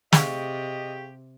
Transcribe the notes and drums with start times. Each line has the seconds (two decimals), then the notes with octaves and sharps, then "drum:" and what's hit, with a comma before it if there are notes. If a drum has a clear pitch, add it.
0.13 C3 G4 G#4 D#5 F5 C#6, drum: snare